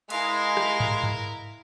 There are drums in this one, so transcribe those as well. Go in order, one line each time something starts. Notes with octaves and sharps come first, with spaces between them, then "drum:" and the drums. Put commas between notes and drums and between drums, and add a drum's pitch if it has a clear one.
G#3 E4 A#4 F5, drum: cymbal
drum: rim click
drum: tom G#2
drum: tom G#2